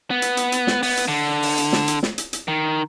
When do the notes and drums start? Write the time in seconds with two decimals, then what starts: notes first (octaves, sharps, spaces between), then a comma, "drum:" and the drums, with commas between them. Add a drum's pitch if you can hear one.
0.10 B3
0.22 drum: hi-hat
0.37 drum: hi-hat
0.52 drum: hi-hat
0.67 drum: snare
0.83 B3, drum: open hi-hat
0.97 drum: hi-hat
1.08 D3
1.42 drum: open hi-hat
1.58 drum: hi-hat
1.73 drum: snare
1.88 drum: hi-hat
2.03 drum: snare
2.18 drum: hi-hat
2.33 drum: hi-hat
2.48 D#3